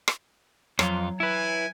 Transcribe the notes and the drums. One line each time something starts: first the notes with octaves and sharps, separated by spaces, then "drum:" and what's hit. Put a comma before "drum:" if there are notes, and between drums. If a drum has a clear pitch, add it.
drum: rim click
F2 F#3 F4, drum: rim click
E4 B4 G#5